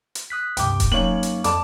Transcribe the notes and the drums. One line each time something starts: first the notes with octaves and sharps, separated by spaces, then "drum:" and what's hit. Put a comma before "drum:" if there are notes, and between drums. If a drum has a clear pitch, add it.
drum: hi-hat
D#6 F#6 B6
C#2 G2 C3 G5 D6, drum: hi-hat
drum: kick D#1, hi-hat
F#2 A#3 D#4 C#5 F5 F#7
drum: hi-hat
F2 A4 D5 A5 D6, drum: hi-hat